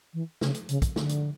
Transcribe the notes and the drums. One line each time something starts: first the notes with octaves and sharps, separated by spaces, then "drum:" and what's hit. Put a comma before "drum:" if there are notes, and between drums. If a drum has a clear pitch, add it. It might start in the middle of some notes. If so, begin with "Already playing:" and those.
E3
C#3, drum: snare
drum: hi-hat
C#3, drum: hi-hat
drum: kick, hi-hat
D3, drum: snare
drum: hi-hat